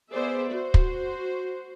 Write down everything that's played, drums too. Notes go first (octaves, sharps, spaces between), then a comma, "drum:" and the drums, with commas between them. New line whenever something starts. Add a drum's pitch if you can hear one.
B3 G#4 C5 D5 E5
F#4 C5
drum: kick